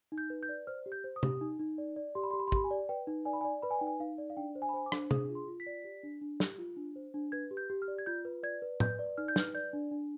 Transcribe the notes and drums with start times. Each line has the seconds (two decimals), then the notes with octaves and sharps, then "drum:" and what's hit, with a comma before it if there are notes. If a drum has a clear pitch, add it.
0.12 D#4
0.18 G6
0.30 B4
0.43 G6
0.49 D5
0.67 C5 F6
0.86 G4
0.92 G6
1.04 C5
1.16 D#6
1.23 G4, drum: tom
1.41 D#4
1.59 D#4
1.78 D5
1.96 D5
2.15 G4 C6
2.24 B5
2.31 C6
2.34 G4
2.39 B5
2.48 C6
2.52 G4 B5, drum: kick
2.64 G#5
2.71 D5
2.89 B4 G5
3.07 D#4
3.25 D5 G#5
3.33 B5
3.41 G#5
3.45 D5
3.62 B4 B5
3.71 G#5
3.79 D#4 G5
3.87 G#5
4.00 D#4 F5
4.18 D5
4.30 F5
4.37 D4 G5
4.55 C5
4.62 G#5
4.69 B5
4.74 C5 G#5
4.86 D6
4.92 D4, drum: rim click
5.11 G#4 D#6, drum: tom
5.29 F4
5.35 C6
5.48 F4
5.60 B6
5.66 D5
5.84 G4
6.03 D4
6.21 D4
6.40 G4, drum: snare
6.59 F4
6.77 D4
6.96 C5
7.14 D4
7.32 B4 G#6
7.51 G4
7.57 G6
7.70 G4
7.82 F6
7.88 D5
7.98 G#6
8.06 F4 G6
8.25 B4
8.43 D5 G#6
8.62 B4
8.80 B4 G6, drum: tom
8.99 D5
9.18 D#4 F6
9.28 G6
9.36 B4 F6, drum: snare
9.55 D5 G6
9.73 D4
9.91 D4